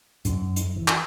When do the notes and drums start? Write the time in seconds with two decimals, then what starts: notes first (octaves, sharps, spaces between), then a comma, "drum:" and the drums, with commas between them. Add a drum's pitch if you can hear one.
0.25 F#2 F#3, drum: hi-hat
0.56 drum: hi-hat
0.76 E3
0.88 drum: clap